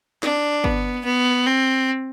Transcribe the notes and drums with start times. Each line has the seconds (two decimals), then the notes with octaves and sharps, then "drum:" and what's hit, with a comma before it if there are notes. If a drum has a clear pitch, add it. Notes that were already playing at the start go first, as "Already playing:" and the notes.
0.23 D4, drum: snare
0.64 B3, drum: kick G1
1.05 B3
1.47 C4